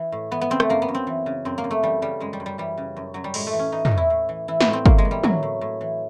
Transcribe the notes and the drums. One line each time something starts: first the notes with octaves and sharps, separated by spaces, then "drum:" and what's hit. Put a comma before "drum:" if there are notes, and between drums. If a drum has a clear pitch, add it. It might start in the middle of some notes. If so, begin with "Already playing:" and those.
Already playing: E3
A2
E3 B3
B3
C#3 C4
A3, drum: rim click
F#2 A#3
B3
F#2
C4
E3
C#3
F#2 C4
A#3
F#2
A3
E3 G3
C#3 G3
F#2 G#3
G3
F#2
G3
E3 G3
C#3
F#2
F#2 F#3
G3
A2 G#3, drum: open hi-hat
A3
E3
C#4
E3 D#4
D#4, drum: tom
A2
E4
A2
E3
E3 E4
B3, drum: snare
A2
C4
A2 A#3, drum: kick
G#3
E3
G3
E3 F#3, drum: tom
A2
A2
E3